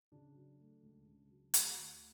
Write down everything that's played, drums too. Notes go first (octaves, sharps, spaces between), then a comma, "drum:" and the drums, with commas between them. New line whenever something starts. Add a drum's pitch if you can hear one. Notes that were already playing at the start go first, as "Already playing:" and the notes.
C#3 D4
F#3
A3
C#2
C#3
F#3
D2, drum: hi-hat
D2